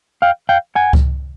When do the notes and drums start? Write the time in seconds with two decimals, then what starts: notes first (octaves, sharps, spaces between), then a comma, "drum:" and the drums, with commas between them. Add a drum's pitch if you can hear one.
0.22 F5 G5
0.49 F5 G5
0.75 F#5 G#5
0.93 drum: kick C#2